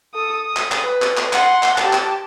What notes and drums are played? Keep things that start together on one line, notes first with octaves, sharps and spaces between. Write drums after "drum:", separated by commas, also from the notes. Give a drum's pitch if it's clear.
A4 D#6
D#6
drum: clap
drum: clap
B4
drum: clap
drum: clap
F#5 C6, drum: clap
drum: clap
G4 A5, drum: clap
drum: clap